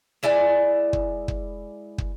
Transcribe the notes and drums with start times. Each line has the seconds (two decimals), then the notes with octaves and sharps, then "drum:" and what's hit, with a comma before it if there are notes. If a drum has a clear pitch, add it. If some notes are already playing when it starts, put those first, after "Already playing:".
0.23 G#3 E4 D5 G#5
0.93 drum: kick
1.28 drum: kick
1.98 drum: kick